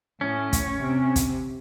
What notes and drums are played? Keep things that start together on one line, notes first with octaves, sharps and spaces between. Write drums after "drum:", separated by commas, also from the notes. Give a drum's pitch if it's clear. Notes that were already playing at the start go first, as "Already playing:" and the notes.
A2 C#4
drum: kick, hi-hat
C3
drum: kick, hi-hat